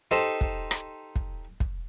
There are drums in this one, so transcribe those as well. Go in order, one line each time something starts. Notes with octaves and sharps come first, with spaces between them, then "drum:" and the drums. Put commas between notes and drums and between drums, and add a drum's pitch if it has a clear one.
D#4 G4 A4 C5
drum: kick
drum: rim click
drum: kick
drum: kick